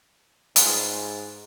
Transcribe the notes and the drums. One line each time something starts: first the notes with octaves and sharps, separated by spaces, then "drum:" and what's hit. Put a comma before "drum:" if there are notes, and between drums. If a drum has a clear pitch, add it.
G#2 F4 G#4 B4, drum: hi-hat